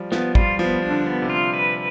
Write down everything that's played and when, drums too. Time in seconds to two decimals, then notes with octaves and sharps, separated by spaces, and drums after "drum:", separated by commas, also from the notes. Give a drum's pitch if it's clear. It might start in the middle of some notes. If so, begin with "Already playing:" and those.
Already playing: F3 G3
0.12 F3 B3, drum: snare
0.35 G3 F4, drum: kick
0.59 F3 B3
0.82 D4
0.91 D3
1.06 B3
1.22 C3
1.30 F4
1.54 B4